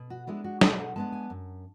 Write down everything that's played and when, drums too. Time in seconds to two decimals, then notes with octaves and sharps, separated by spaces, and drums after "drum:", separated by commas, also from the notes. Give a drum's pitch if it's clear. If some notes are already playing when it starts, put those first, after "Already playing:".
Already playing: B2
0.10 F#4
0.27 G#3 B3 D4 E4
0.44 F#4
0.61 B2 A4, drum: snare
0.79 F#5
0.96 G#3 B3 D4 A5
1.12 G#5
1.30 F#2